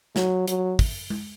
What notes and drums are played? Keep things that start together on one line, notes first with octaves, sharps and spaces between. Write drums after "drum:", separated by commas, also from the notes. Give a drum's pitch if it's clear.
F#3, drum: snare
F#3, drum: hi-hat
drum: kick, open hi-hat
drum: tom G#3